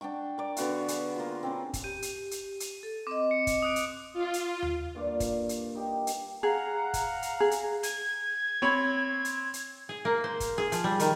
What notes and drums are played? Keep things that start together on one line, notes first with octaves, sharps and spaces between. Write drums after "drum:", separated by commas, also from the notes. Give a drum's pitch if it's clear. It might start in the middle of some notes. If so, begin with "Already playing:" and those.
D4 F#5 G5 C#6
A#4 D5
D3 B3 F#4 F5, drum: hi-hat
B3 G#4, drum: hi-hat
A#3 F4
C4 C#4 B4
drum: kick, hi-hat
G4 D#7
drum: hi-hat
drum: hi-hat
drum: hi-hat
A4
C4 D#5 D6
C#7
drum: kick, hi-hat
D#6 F#6 D7
drum: hi-hat
F4
drum: hi-hat
drum: tom D#2
G2 A#2 A#3 D5
drum: kick, hi-hat
drum: hi-hat
D#4 G4
drum: hi-hat
G#4 F5 F#5 A#5
drum: kick, hi-hat
drum: hi-hat
G#4
drum: hi-hat
G#6, drum: hi-hat
C4 C#5 B5
drum: hi-hat
drum: hi-hat
G#4
A#3
C5
drum: kick, hi-hat
G#4
F3, drum: hi-hat
G3
D#3, drum: hi-hat